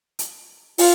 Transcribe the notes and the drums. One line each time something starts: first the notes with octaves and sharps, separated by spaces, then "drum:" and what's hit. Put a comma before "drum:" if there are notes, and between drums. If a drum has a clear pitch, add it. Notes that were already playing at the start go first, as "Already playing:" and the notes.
drum: hi-hat
F4, drum: open hi-hat